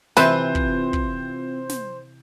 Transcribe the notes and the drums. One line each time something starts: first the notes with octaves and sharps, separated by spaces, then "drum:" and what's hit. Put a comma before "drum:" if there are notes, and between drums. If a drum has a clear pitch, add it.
C3 E3 C4 F4 B4 C5 A5 G6, drum: snare
drum: kick
drum: kick
drum: snare